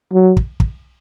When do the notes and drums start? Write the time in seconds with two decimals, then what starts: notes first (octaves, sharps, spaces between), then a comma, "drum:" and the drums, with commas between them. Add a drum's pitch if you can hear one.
0.13 F#3
0.37 drum: kick
0.60 drum: kick